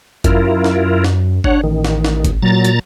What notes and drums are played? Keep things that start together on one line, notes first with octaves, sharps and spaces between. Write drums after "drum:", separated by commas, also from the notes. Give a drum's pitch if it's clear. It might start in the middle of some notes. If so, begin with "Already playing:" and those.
F#2 E4 F4 A#4, drum: kick G1, hi-hat
drum: snare
drum: snare
D4 C#5 F#5, drum: kick G1
A1 D#3
drum: snare
drum: snare
drum: kick G1, hi-hat
A#2 F#3 A#5 A6
drum: hi-hat